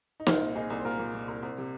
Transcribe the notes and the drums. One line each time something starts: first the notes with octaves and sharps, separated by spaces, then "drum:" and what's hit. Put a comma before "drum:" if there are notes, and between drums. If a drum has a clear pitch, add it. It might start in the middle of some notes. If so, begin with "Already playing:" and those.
D#4
C2 C4 F4, drum: snare
A#2
A#2 D#4 G#4
C2
C5
A#2 F4 A#4
A#2
A#2
C2
C2 C4
C3